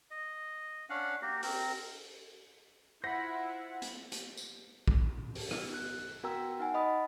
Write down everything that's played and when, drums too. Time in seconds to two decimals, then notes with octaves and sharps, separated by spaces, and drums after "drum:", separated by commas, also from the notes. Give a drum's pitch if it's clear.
0.11 D#5
0.90 C#4 D4 F5 F#5
1.22 A#3 F#4 G4 A#4
1.43 C4 A#4, drum: open hi-hat
3.04 E4 F4 C5 F#5 B5 A#6
3.82 drum: hi-hat
4.12 drum: hi-hat
4.37 drum: tambourine
4.88 drum: kick
5.35 drum: open hi-hat
5.51 B3, drum: rim click
5.74 F#6
6.23 B3 F#4 A#4 G5 A#5 E6
6.59 D#4 F#5 G#5
6.74 D#5 B5 D#6